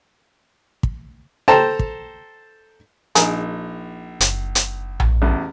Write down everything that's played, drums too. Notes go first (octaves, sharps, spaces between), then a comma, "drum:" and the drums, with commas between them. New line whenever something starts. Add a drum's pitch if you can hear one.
drum: kick
A4 C5 G5 A5 A#5
drum: kick
A#1 D#4 G#4 A#4, drum: hi-hat
F#1, drum: hi-hat
drum: hi-hat
drum: tom A#1
A1 E2